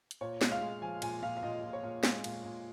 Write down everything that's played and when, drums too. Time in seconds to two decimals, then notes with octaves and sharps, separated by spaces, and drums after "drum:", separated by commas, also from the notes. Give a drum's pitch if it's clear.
0.11 drum: hi-hat
0.21 A#2 C#5
0.42 G#3, drum: snare
0.52 F5
0.61 G#3
0.82 F3 G#5
1.02 A#2 G#5, drum: cymbal
1.22 A#2 F5
1.37 F5
1.43 A#2 D#5
1.63 A#2
1.73 C#5
1.83 A#2
2.04 G#3, drum: snare
2.24 A#2, drum: cymbal
2.45 A#2